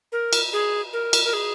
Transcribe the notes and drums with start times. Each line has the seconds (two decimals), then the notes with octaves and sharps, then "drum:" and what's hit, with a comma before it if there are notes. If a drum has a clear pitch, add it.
0.12 A#4
0.33 drum: cymbal
0.53 G#4
0.93 A#4
1.13 drum: cymbal
1.24 A#4
1.33 G#4